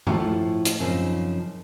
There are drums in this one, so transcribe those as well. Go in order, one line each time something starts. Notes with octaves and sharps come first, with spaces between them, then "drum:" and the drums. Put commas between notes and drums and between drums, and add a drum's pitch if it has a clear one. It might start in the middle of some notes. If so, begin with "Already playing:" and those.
A2 F3 A3, drum: tom G2
drum: hi-hat
F#2 C#3 F3 C4 D#4